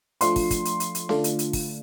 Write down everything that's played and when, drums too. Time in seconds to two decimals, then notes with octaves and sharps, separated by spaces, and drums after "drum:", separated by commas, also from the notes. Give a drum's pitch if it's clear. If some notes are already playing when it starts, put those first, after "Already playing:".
0.21 F3 A3 D4 F4 C6, drum: hi-hat
0.36 drum: kick, open hi-hat
0.51 drum: kick, hi-hat
0.65 drum: hi-hat
0.80 drum: hi-hat
0.95 drum: hi-hat
1.09 D3 A3 D4 F4, drum: snare C#4
1.24 drum: hi-hat
1.39 drum: hi-hat
1.53 drum: kick, open hi-hat